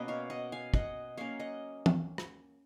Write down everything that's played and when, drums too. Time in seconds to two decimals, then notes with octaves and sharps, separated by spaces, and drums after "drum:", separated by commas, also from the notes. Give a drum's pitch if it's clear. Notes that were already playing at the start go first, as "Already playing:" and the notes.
Already playing: B2 A#3 C#4 B4 D#5
0.08 C#5 F5
0.30 D#5 F#5
0.52 F5 G#5
0.74 D#5 F#5, drum: kick
1.17 F#3 A#3 C#4 C#5 F5
1.40 D#5 F#5
1.86 drum: tom
2.18 drum: rim click